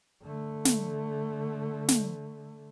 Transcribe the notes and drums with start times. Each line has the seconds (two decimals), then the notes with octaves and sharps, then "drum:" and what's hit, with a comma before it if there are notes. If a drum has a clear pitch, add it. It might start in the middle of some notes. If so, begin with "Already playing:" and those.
0.23 D3 A3
0.65 drum: snare
1.88 drum: snare